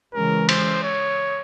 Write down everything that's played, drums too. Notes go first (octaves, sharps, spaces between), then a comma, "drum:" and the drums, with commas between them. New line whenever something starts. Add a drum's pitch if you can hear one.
C#3 E3 G#3 C#4 A#4
C5, drum: cymbal
C#5